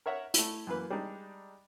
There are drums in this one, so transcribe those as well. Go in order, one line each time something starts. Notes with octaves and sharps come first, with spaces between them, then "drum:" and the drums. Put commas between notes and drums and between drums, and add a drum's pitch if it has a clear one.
A#4 C#5 E5 F#5
A3 E4, drum: hi-hat
F#2 E3 A#3 B4
G3 G#3 D4 D#4